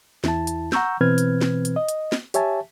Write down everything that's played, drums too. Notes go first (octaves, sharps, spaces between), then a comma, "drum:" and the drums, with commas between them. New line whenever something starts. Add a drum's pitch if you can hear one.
E2 E4 A5, drum: snare
drum: hi-hat
F#5 A#5 C#6 E6 G6, drum: snare
B2 E3 C4 B4 F6 G#6
drum: hi-hat
drum: snare
drum: hi-hat
D#5
drum: hi-hat
drum: snare
G4 C#5 E5 G#5 A5, drum: hi-hat